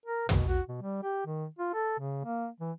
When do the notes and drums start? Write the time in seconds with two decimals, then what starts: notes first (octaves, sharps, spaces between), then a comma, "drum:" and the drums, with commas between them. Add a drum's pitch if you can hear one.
0.06 A#4
0.29 B2, drum: tom
0.48 F#4
0.69 B2
0.82 G3
1.03 G4
1.25 D#3
1.59 F4
1.74 A4
1.99 C#3
2.24 A#3
2.60 E3